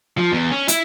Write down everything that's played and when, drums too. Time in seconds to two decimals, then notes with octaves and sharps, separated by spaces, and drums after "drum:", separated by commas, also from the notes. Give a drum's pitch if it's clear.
0.18 F3
0.32 E2
0.51 C#4
0.68 E4, drum: hi-hat